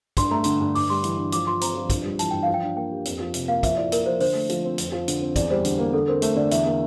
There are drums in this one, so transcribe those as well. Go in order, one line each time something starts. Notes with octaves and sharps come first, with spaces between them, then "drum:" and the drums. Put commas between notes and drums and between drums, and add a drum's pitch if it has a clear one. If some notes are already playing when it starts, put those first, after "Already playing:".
G2 C6, drum: kick, hi-hat
A3 A#5
D3 C6, drum: hi-hat
G2
G2 D6, drum: open hi-hat
G3 C6
E3, drum: hi-hat
G2
F3 D6, drum: hi-hat
F4 C6
C4 A#5, drum: hi-hat
F3
G2, drum: kick, hi-hat
G3
E3 A5, drum: hi-hat
G2 G5
F3 F5
G5
D4
A#3 G5
G4
F2, drum: hi-hat
F3
C3, drum: hi-hat
A#3 F5
F3 E5, drum: kick, hi-hat
E4 D5
A#3 A#4, drum: hi-hat
F3 C5
D3 C5, drum: open hi-hat
A3
F3, drum: hi-hat
C4
F2, drum: hi-hat
F3
D3, drum: hi-hat
C4
E2 D5, drum: kick, hi-hat
G3 C5
D3, drum: hi-hat
A#3
D3 A4
C4 A#4
A3, drum: hi-hat
D3 D5
E2 E5, drum: hi-hat
A#3